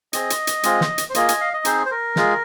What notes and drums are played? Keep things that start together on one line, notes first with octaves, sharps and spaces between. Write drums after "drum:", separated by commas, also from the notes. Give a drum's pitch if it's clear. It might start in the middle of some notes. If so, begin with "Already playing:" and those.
C4 G#4 D#5, drum: hi-hat
drum: hi-hat
drum: hi-hat
G#3 C4 F4 G#4, drum: hi-hat
drum: snare
drum: hi-hat
C5
A#3 F4 G#4 D#5, drum: hi-hat
G#5, drum: hi-hat
F5
D#5
C4 D#4 G#4 C5, drum: hi-hat
C5
A#4
G#3 F4 G#4, drum: snare